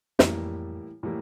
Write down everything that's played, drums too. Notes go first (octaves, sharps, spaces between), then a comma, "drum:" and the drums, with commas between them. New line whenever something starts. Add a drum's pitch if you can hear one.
F2 A2 E3 G3 A#3, drum: snare
A2 E3 G3 A#3